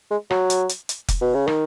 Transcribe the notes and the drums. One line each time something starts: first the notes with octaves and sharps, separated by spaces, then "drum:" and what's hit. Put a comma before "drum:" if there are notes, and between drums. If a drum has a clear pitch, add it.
G#3
F#3, drum: rim click
drum: hi-hat
drum: hi-hat
drum: hi-hat
drum: kick F1, hi-hat
B2
C#3
D#3, drum: rim click